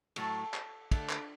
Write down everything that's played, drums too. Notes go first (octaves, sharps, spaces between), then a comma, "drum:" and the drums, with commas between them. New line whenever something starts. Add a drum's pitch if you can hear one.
A2 F#3 A3 A4, drum: cymbal
drum: clap
D3 A3, drum: kick, cymbal
drum: clap